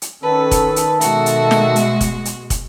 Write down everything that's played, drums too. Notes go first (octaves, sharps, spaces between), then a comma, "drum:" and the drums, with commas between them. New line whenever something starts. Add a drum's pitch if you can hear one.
drum: hi-hat
D#3 C#4 A4 B4
drum: kick, hi-hat
drum: hi-hat
B2 G#3 F#4 E5, drum: hi-hat
drum: hi-hat
drum: snare
drum: hi-hat
drum: kick, hi-hat
drum: hi-hat
drum: kick, hi-hat